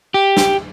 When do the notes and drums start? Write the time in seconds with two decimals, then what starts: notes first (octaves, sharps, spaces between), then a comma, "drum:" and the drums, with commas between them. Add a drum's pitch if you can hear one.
0.14 G4
0.37 drum: snare